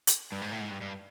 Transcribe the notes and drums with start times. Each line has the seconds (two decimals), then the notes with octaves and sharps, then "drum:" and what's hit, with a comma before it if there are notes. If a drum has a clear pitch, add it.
0.07 drum: hi-hat
0.32 G2
0.42 G#2
0.52 A2
0.61 G#2
0.71 G2
0.81 G2